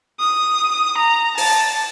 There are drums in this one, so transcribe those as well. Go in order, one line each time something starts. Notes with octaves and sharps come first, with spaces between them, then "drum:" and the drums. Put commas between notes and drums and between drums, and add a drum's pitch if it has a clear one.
D#6
A#5
A5, drum: open hi-hat